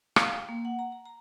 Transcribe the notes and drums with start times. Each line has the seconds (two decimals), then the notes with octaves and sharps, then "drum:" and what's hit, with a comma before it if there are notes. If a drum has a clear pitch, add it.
0.16 F5, drum: rim click
0.31 G5
0.49 A#3
0.65 F#5
0.79 A#5
0.92 A#5
1.06 A#5